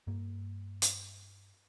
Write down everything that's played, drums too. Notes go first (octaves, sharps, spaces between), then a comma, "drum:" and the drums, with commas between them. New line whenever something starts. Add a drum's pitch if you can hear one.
G2 A#3
drum: hi-hat